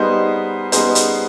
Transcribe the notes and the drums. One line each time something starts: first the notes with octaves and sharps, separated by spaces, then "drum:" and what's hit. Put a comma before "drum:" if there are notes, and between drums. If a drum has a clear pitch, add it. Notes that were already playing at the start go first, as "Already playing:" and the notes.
Already playing: G3 B3 D#4 G#4 C5
G3 B3 D#4 G#4 C5, drum: hi-hat
drum: hi-hat